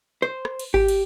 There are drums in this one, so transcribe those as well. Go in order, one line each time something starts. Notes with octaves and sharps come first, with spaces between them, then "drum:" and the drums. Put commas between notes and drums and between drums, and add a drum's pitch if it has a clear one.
C5
drum: rim click
drum: cymbal
G4, drum: kick G#1
drum: cymbal